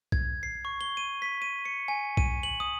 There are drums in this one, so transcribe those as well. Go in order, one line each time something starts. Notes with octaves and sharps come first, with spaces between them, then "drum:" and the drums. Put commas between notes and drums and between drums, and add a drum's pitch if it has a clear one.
G#6, drum: kick B1
C7
C#6
G7
D#7
B6
D#7
C#7
G#5
D#7, drum: kick B1
F#7
D#6